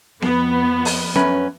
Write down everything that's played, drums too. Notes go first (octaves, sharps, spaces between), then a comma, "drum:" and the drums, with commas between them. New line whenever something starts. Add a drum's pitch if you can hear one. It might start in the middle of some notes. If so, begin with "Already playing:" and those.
F2 B3, drum: snare B3
drum: open hi-hat
F#2 C#4 B4, drum: snare B3